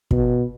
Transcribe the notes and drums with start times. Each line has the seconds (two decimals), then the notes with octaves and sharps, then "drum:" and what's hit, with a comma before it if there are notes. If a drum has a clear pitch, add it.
0.11 B2, drum: kick